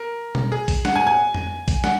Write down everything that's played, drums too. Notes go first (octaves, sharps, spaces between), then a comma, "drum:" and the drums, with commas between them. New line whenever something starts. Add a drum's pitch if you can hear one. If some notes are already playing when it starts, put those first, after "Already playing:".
Already playing: A#4
drum: tom B2
G#4
drum: kick, open hi-hat
F#5, drum: snare
G#5
G#5
drum: tom F2
drum: kick, open hi-hat
F#5, drum: snare